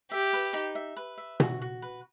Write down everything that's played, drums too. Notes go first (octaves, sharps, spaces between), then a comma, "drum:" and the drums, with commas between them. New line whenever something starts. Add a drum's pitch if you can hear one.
G4 E5
B4
D#4
E5
B4
E5
F#4, drum: tom B2
F#4
B4